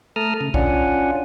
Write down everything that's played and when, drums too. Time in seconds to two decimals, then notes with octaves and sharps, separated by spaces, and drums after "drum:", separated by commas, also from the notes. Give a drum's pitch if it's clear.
0.16 A3 A5 A#5 D#6 F6
0.41 C#3
0.54 C#4 D4 F4 D5 F#5 G#5, drum: kick